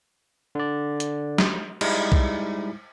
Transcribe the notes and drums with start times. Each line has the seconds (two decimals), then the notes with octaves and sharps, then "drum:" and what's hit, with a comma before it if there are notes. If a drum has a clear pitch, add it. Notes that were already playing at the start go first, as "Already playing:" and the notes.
0.55 D3 D5
1.00 drum: hi-hat
1.38 drum: snare
1.81 G3 G#3 D#4 E4, drum: cymbal
2.12 drum: kick B1